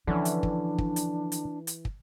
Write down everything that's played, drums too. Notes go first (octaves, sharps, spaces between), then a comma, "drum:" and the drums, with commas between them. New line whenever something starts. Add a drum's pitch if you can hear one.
D3 E3 F3 C#4 D4
drum: hi-hat
drum: kick
drum: kick
drum: hi-hat
drum: hi-hat
drum: hi-hat
drum: kick